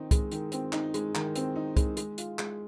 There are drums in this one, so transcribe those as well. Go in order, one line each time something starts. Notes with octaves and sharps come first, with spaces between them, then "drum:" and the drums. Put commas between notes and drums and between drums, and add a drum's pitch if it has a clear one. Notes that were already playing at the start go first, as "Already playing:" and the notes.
Already playing: D#3 C4 D#4
G#3, drum: kick C2, hi-hat
D#3, drum: hi-hat
C4, drum: hi-hat
D#4, drum: clap
G#3, drum: hi-hat
D#3, drum: clap
C4, drum: hi-hat
D#4
G#3, drum: kick C2, hi-hat
G#3, drum: hi-hat
F4, drum: hi-hat
G#3, drum: clap